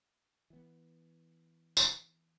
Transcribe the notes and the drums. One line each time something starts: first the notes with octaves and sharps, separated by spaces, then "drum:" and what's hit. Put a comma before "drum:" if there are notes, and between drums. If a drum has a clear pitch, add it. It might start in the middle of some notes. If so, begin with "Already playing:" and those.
E3 B3
drum: tambourine